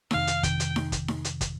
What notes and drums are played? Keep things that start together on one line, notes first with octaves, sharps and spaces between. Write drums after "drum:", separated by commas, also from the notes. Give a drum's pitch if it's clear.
F2 C3 D#3 F5, drum: snare D#4
drum: hi-hat
F2 C3 D#3 G5, drum: kick, hi-hat
drum: hi-hat
drum: snare D#4
drum: kick, hi-hat
drum: snare D#4
drum: hi-hat
drum: kick, hi-hat